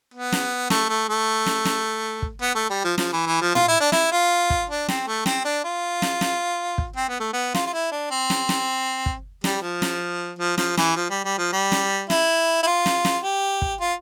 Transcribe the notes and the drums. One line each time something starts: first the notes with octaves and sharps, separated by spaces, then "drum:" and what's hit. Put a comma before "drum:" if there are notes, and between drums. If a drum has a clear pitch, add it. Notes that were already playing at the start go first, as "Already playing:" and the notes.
B3
drum: snare
A3, drum: snare
A3
A3
drum: snare
drum: snare
drum: kick
B3
A3
G3
F3
F3, drum: snare
E3
E3
F3
F4, drum: tom A2
E4
D4
E4, drum: snare
F4
drum: kick
D4
C4, drum: snare
A3
C4, drum: snare
D4
F4
drum: snare
drum: snare
drum: kick
C4
B3
A3
B3
F4, drum: snare
F4
E4
D4
C4
drum: snare
drum: snare
drum: kick
G3, drum: snare
F3
drum: snare
F3
F3, drum: snare
E3, drum: snare
F3
G3
G3
F3
G3
drum: snare
E4, drum: snare
E4
F4
drum: snare
drum: snare
G4
drum: kick
F4